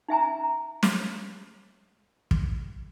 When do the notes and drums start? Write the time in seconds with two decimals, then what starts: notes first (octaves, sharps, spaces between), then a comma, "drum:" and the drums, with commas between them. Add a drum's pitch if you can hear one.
0.08 D#4 E5 G#5 A#5
0.83 drum: snare
2.31 drum: kick